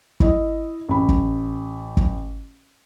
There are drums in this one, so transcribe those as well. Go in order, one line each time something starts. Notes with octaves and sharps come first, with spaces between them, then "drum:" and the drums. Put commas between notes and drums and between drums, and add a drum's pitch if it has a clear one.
E4 D#5, drum: kick
A1 B5
drum: kick
drum: kick